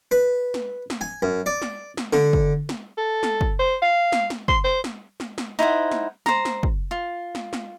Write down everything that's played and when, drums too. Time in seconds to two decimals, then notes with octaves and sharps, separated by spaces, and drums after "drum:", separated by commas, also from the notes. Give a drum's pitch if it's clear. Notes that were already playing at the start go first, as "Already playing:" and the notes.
0.11 B4
0.54 drum: snare
0.90 drum: snare
1.01 G#5
1.22 F#2
1.46 D5
1.62 drum: snare
1.97 drum: snare
2.13 D3, drum: snare
2.33 drum: kick
2.69 drum: snare
2.98 A4
3.23 drum: snare
3.41 drum: kick
3.59 C5
3.82 F5
4.12 drum: snare
4.30 drum: snare
4.48 C6, drum: kick
4.64 C5
4.84 drum: snare
5.20 drum: snare
5.38 drum: snare
5.59 D#4 E4 C5 F#5
5.92 drum: snare
6.26 C5 A#5, drum: snare
6.45 drum: snare
6.63 drum: kick
6.91 F4
7.35 drum: snare
7.53 drum: snare